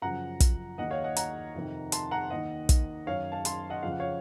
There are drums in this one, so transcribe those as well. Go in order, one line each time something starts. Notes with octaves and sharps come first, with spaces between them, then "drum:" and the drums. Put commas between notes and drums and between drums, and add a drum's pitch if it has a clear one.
F#2 C#3 F3 F#5 A#5
drum: kick, hi-hat
D#2 D#3 D#5 F#5
C#5 F5
D#5 F#5
F#5 A#5, drum: hi-hat
F2 C3 D#3
A5 C6, drum: hi-hat
F#5 A#5
D#2 D#3 D#5 F#5
drum: kick, hi-hat
F#2 D#3 C#5 F5
F5 A5
A5 C6, drum: hi-hat
D#5 F#5
F2 C#3 F3 F5
F#5
C#5 F5